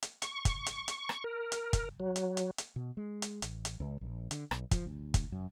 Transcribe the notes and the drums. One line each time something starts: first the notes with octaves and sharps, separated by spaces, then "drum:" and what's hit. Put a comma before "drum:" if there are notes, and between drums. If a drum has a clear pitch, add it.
drum: hi-hat
C#6, drum: hi-hat
drum: kick, hi-hat
drum: hi-hat
drum: hi-hat
drum: rim click
A#4
drum: hi-hat
drum: kick, hi-hat
F#3
drum: hi-hat
drum: hi-hat
drum: hi-hat
B2
G#3
drum: hi-hat
A1, drum: hi-hat
drum: hi-hat
C#2
A#1
D3, drum: hi-hat
B1, drum: rim click
F3, drum: kick, hi-hat
D2
drum: kick, hi-hat
F#2